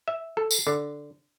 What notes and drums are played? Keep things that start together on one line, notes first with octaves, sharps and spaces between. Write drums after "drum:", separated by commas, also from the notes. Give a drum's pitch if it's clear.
E5
A4
drum: tambourine
D3